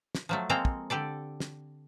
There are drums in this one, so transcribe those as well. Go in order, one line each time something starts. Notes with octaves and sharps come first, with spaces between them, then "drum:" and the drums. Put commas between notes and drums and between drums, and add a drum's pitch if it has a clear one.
drum: snare
F3 F#3 A3
G#3 A#3 C4 A4 A#5
drum: kick
D3 G4 A4 D5
drum: snare